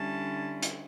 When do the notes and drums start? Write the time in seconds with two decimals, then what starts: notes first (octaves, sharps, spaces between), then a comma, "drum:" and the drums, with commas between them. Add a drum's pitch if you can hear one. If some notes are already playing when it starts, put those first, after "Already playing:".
Already playing: D3 G3 C#4 E4 A5
0.63 drum: hi-hat